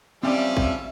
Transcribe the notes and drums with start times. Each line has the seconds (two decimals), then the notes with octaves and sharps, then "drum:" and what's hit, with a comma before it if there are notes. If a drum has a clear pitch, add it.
0.23 F3 G3 C4 C#4 D5 E5 G#5
0.57 drum: kick